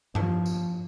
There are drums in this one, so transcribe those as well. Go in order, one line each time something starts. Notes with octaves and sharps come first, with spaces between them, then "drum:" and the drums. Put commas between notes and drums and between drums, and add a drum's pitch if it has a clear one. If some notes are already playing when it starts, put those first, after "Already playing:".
F3, drum: tom G2
drum: tambourine